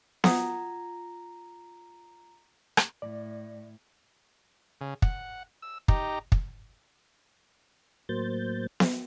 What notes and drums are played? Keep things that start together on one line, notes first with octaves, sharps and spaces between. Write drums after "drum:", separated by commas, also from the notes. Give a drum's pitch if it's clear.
F4 F#5 A#5 D#6 G#6, drum: snare B3
drum: rim click
A2 D5
C#3
F#5, drum: kick
E6
D#4 G4 A#5, drum: kick
drum: kick
A2 F#3 A#3 C5 G6 A6
drum: snare B3